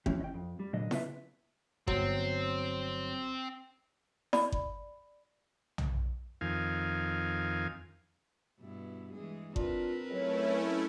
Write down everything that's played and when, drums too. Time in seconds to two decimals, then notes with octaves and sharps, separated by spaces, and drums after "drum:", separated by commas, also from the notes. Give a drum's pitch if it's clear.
0.06 C#2 E3 F3 C#4 E4 G4, drum: kick G1
0.21 D#5 G5
0.34 F2
0.60 G3
0.73 A#2 D3 F#3 D#5
0.91 C#3 C4 F4 B4 E5, drum: snare E4
1.88 G1 F#3 C4, drum: kick G1
4.33 D5 B5, drum: snare E4
4.52 drum: kick G1
5.78 drum: tom B1
6.41 F2 D#3 F5 G#5
8.60 G2 B2 E4
9.14 E3 G#3 G#4
9.56 C4 D4 F4 A#4 B4, drum: kick G1
10.10 C#2 F#3 A3 C#4 E4